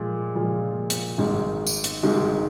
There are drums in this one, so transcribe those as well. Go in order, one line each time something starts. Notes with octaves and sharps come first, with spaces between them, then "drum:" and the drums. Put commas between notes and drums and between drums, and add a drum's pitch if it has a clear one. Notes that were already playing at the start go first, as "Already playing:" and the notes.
Already playing: A#2 F3 G#3
A#2 F3 G#3
drum: hi-hat
G#1 G#2 D#3 G#3
drum: tambourine
drum: hi-hat
G#1 G#2 D#3 G#3